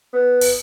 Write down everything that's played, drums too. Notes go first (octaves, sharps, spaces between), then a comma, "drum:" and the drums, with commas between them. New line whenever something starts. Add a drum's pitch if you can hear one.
B3
drum: open hi-hat